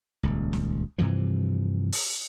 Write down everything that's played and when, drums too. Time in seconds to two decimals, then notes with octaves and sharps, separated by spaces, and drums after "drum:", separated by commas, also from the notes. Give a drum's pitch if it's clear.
0.23 D#1 C#2
0.53 drum: snare
0.98 G2 C3 E3 F3
1.92 drum: open hi-hat